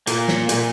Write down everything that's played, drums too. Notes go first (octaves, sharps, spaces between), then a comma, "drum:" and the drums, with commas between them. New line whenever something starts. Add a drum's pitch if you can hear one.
A#2 A#3, drum: hi-hat
drum: snare
A#2, drum: hi-hat